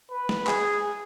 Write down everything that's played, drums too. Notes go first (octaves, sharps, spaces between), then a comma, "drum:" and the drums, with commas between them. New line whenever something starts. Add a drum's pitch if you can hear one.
B4
drum: snare
G#4, drum: clap